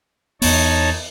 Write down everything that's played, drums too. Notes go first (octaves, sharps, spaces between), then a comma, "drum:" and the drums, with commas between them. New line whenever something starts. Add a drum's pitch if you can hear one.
E2 B3 D#4 C#5 A5, drum: open hi-hat